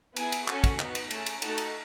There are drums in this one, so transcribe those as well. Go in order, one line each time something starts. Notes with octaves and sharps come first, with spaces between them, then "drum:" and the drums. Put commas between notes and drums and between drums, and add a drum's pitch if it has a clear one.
B3 E4 G#4 G#5, drum: cymbal
drum: cymbal
C#4 F#4 A4 G#5, drum: clap
drum: kick, cymbal
B3 D#4 F#4, drum: clap
drum: cymbal
A3 C#4 G#4 A5, drum: cymbal
drum: cymbal
A3 D#4 F#4 A4 A5, drum: cymbal
drum: cymbal